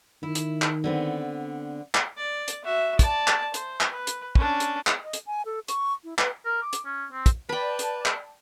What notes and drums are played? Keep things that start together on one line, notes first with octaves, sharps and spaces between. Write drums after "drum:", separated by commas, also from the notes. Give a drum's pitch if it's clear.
D#3 E4
drum: hi-hat
drum: clap
D3 B3 C4
drum: clap
D5
drum: hi-hat
F#4 E5
D5 A5, drum: kick, hi-hat
drum: clap
C5, drum: hi-hat
drum: clap
B4
drum: hi-hat
C#4 D4, drum: kick
drum: hi-hat
drum: clap
D#5
drum: hi-hat
G#5
A4
C#6, drum: hi-hat
E4
B4, drum: clap
A#4
D6
drum: hi-hat
C#4
C4
drum: kick, hi-hat
B4 D5 G5 A5 B5
drum: hi-hat
drum: clap